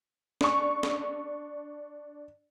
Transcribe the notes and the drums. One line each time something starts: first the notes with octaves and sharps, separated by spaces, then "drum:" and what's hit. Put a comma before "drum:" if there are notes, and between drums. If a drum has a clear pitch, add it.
D4 C#6, drum: snare
drum: snare